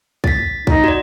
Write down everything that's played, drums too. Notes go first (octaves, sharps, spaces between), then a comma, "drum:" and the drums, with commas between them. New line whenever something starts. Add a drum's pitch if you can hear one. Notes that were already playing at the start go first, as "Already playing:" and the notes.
A6 B6, drum: kick
D#4, drum: kick
F#4 D5